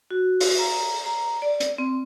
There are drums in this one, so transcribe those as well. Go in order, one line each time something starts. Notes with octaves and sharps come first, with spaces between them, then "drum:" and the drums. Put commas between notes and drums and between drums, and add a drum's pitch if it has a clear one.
F#4
drum: open hi-hat
A#5
A#5
D5
drum: hi-hat
C4